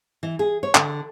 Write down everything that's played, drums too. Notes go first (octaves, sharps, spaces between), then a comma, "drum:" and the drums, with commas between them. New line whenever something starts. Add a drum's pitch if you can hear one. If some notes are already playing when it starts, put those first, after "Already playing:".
E3
G#4
C#5
D3, drum: clap